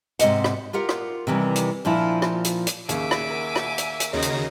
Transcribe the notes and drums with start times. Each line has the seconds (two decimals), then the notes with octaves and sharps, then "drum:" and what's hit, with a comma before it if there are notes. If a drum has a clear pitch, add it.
0.19 G#2 C3 D#5 F#5, drum: hi-hat
0.44 drum: rim click
0.73 F4 G4 A#4 F#5
0.89 drum: rim click
1.27 C3 D#3 E3 G3
1.56 drum: hi-hat
1.85 A#2 F3 D4 E4
2.22 drum: rim click
2.44 drum: hi-hat
2.67 drum: hi-hat
2.89 D#2 C#3 C#5 D#5 E5 G#5 D6, drum: hi-hat
3.11 drum: rim click
3.30 A#4 F#5
3.56 drum: rim click
3.78 drum: hi-hat
4.00 drum: hi-hat
4.13 D#2 C#3 F#3 G#3 D#4 A#5
4.22 drum: hi-hat